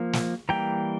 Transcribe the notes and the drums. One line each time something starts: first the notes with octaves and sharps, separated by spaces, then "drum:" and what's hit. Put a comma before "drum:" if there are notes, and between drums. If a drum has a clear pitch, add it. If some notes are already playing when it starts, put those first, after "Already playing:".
Already playing: F3 A#3
drum: snare
E3 G3 A#3 G5 A#5